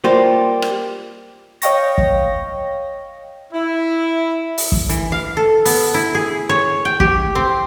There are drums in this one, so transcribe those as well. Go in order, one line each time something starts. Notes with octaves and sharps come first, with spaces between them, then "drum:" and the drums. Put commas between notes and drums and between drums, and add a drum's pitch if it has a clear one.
G3 A#3 F4 C5
drum: rim click
C#5 D#5 F5 G5 C#6 A#6, drum: hi-hat
drum: kick
E4
drum: open hi-hat
drum: kick
E3, drum: hi-hat
F5
A4
B3, drum: open hi-hat
E4
G#4
C#5
G5
G4, drum: kick
C4